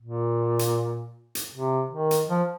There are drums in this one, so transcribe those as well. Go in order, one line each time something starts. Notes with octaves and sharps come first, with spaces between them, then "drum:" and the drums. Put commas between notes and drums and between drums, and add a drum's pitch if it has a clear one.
A#2
drum: hi-hat
drum: hi-hat
C3
D#3
drum: hi-hat
F3